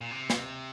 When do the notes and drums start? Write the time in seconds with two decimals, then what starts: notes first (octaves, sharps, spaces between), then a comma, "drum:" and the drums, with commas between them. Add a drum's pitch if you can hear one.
0.01 A#2
0.11 C3
0.30 drum: snare